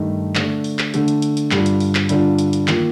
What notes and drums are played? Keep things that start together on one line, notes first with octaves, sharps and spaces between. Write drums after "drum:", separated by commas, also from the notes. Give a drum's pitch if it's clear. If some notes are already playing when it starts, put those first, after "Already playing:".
Already playing: G2 D#3 A3 D#4
D3 A3 D4, drum: clap
drum: open hi-hat
drum: clap
D3 A3 D4, drum: hi-hat
drum: hi-hat
drum: hi-hat
drum: hi-hat
G2 D3 G3 D4 F4, drum: clap
drum: hi-hat
drum: open hi-hat
drum: clap
G2 D3 G3 D4 F4, drum: hi-hat
drum: hi-hat
drum: hi-hat
D#3 A#3 F4, drum: clap